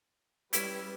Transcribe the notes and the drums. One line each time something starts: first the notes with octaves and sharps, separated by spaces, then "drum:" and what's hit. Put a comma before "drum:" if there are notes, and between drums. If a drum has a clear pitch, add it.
G3 C#4 E4 B4, drum: hi-hat